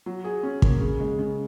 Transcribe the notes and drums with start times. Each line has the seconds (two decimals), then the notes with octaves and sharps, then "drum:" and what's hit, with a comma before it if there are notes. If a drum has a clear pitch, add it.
0.06 F#3
0.24 G#4
0.43 C#4
0.62 A#3, drum: kick
0.81 C#3
1.00 G#3
1.19 C#3